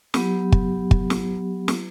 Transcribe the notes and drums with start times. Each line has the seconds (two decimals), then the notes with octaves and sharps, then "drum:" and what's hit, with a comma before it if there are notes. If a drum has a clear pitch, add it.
0.14 F#3 B3 G4, drum: snare
0.52 drum: kick
0.91 drum: kick
1.10 drum: snare
1.68 drum: snare